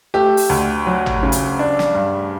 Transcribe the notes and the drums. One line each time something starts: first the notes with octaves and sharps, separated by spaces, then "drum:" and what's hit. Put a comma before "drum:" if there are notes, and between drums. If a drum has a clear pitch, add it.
A3 G4
drum: open hi-hat
D2
F#3
drum: tom
C#3
drum: hi-hat
D4
drum: snare
G2